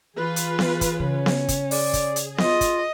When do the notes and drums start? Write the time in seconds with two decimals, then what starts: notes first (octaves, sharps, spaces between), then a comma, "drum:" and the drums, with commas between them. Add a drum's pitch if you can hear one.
0.17 E3 F4 G#4 B4
0.36 drum: hi-hat
0.59 drum: snare B3
0.81 drum: kick, hi-hat
1.00 C#3 C#4
1.26 drum: snare B3
1.48 drum: kick, hi-hat
1.71 G#4 D5, drum: open hi-hat
1.93 drum: kick, hi-hat
2.16 drum: hi-hat
2.38 F4 D#5, drum: snare B3
2.61 drum: kick, hi-hat